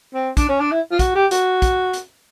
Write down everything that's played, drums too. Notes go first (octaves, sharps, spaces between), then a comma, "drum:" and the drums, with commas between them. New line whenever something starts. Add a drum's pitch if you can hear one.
C4
D4, drum: kick, hi-hat
C#4
D4
E4
F4
F#4, drum: kick, hi-hat
G4
F#4, drum: hi-hat
drum: kick, hi-hat
drum: hi-hat